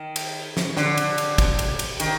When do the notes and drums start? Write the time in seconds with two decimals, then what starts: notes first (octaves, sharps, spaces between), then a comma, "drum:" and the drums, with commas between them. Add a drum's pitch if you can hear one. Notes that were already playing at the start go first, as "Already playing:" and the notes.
Already playing: D#3
0.16 drum: cymbal
0.57 drum: snare
0.77 D3, drum: snare
0.98 drum: cymbal
1.18 drum: cymbal
1.38 drum: kick, cymbal
1.59 drum: cymbal
1.79 drum: cymbal
2.00 D#3, drum: cymbal